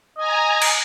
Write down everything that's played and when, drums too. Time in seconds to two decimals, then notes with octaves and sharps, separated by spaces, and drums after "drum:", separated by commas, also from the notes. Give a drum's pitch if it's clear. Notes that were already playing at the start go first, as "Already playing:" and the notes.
0.18 D#5 G#5 A#5
0.62 drum: cymbal